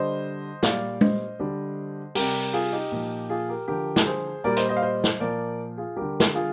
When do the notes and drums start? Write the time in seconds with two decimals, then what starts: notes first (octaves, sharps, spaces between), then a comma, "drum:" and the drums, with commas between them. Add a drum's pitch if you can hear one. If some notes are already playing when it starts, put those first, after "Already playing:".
Already playing: D3 G3 C5 D#5
0.63 A#2 G3 D5 F5, drum: snare
1.01 C5 D#5, drum: tom G#3
1.40 D3 G3
2.15 C3 G3 G4 A#4, drum: open hi-hat
2.53 F4 G#4
2.73 D#4 G4
2.91 A#2 F3
3.29 F4 G#4
3.49 G4 A#4
3.68 D3 F3 G4 A#4
3.96 drum: snare
4.06 G#4 C5
4.44 A#2 G3 A#4 D5
4.56 C5 D#5, drum: hi-hat
4.69 C5 D#5
4.76 F5
4.82 C5 D#5
5.04 drum: snare
5.20 A#2 F3 A#4 D5
5.78 F4 G#4
5.96 D3 G3 G4 A#4
6.20 drum: snare
6.34 F4 G#4